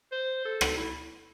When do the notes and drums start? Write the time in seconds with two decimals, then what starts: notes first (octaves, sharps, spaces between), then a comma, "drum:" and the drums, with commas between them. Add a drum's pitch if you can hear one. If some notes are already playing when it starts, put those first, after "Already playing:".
0.12 C5
0.45 A4
0.61 drum: rim click
0.77 E4